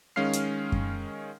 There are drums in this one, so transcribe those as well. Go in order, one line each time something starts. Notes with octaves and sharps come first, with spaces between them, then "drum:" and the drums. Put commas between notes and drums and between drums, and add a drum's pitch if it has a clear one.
D#3 G#3 C#4 F5 F6 C7
drum: hi-hat
drum: kick F#2